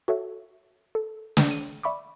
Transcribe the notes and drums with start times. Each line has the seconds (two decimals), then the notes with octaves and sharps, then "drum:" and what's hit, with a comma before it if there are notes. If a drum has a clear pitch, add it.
0.08 F#4 A4 C#5 E5
0.95 A4
1.37 drum: snare
1.51 D#7
1.83 D5 E5 B5 C#6 D6